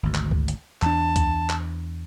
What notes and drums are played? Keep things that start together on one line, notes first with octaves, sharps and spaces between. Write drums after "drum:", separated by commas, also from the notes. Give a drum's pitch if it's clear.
G#1 D2
drum: clap
drum: kick C#2
drum: hi-hat
E2 D4 A5, drum: clap
drum: kick C#2, hi-hat
drum: clap